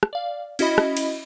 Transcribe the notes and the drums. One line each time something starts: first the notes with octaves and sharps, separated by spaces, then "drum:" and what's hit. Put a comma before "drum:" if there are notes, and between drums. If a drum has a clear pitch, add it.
drum: rim click
D5 F5
C#4 E4 F#4 D#5 B5, drum: cymbal
drum: rim click
drum: cymbal